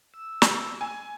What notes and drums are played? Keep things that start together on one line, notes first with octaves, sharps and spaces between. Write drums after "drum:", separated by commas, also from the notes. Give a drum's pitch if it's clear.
E6
drum: snare
G#5